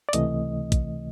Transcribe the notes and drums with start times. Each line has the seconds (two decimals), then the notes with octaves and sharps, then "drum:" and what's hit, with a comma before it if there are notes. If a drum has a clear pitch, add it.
0.09 D5
0.13 C#2 C3 E3 A3 D#5, drum: hi-hat
0.72 drum: kick, hi-hat